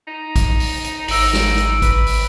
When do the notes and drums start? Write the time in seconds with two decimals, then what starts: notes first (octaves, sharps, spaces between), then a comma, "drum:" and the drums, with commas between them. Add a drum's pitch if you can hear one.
0.07 D#4
0.36 drum: kick, hi-hat
0.60 drum: open hi-hat
0.84 drum: hi-hat
1.08 G#1 D#4 E6 D7 F#7, drum: open hi-hat
1.33 drum: snare
1.58 drum: hi-hat
1.82 B4, drum: kick, hi-hat
2.06 drum: open hi-hat